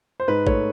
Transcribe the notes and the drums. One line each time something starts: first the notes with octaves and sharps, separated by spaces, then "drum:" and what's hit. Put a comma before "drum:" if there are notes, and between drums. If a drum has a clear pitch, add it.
C5
G#2 B4
A3 C#5, drum: kick